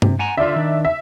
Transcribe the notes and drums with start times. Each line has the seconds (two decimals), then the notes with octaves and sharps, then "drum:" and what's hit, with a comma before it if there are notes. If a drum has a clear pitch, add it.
0.02 C3, drum: tom G2
0.19 F#5 G#5 A#5
0.37 D3 F4 D5 E5
0.56 D#3 D4
0.85 E5